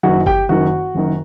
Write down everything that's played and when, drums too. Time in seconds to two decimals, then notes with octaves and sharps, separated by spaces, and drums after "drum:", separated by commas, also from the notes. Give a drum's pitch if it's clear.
0.03 F#1 F#2 D#3 F#4 F#5
0.26 G4 G5, drum: kick G1
0.49 F#1 F#2 D#3 F#4 F#5
0.95 F#1 F#2 D#3